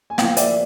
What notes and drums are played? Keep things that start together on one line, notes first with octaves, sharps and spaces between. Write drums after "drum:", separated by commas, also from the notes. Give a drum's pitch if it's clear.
G#5
A2 F3 A#3 F5 G5, drum: snare
D5 E5, drum: hi-hat